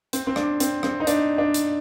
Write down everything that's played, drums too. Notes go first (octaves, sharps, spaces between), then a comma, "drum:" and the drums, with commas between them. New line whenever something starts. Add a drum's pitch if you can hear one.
C4, drum: hi-hat
C4
D4, drum: rim click
C4, drum: hi-hat
C4, drum: rim click
D#4
D4, drum: hi-hat
D4
drum: hi-hat